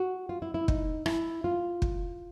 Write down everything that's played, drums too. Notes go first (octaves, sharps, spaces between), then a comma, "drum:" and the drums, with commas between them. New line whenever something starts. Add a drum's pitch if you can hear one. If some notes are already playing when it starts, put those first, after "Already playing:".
Already playing: F#4
F4
E4
E4
D#4, drum: kick
E4, drum: rim click
F4
drum: kick